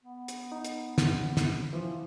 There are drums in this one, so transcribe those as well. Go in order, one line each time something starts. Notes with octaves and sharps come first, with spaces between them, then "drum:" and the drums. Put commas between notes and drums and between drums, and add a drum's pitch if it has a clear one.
B3
drum: hi-hat
D#4
drum: hi-hat
F2, drum: snare
drum: snare
E3 F3